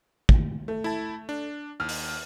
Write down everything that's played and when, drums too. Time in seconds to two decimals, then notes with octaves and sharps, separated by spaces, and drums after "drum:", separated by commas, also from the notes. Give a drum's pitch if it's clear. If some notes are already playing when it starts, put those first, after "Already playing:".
0.29 drum: kick
0.68 A3
0.84 E4 A5
1.29 D4
1.80 D#2 F6
1.89 drum: open hi-hat